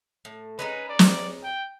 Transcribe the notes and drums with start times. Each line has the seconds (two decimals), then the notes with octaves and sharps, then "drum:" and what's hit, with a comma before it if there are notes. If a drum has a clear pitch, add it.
0.25 A2
0.59 G#3 C#4 D#4 B4
0.89 D5
0.99 drum: snare
1.44 G5